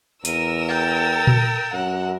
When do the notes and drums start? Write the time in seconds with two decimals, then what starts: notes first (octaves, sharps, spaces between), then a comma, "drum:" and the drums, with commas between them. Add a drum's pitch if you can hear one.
0.25 E2 A#4 E6 D#7, drum: hi-hat
0.69 G5 A6
1.27 drum: tom A#2
1.73 F#2 F#5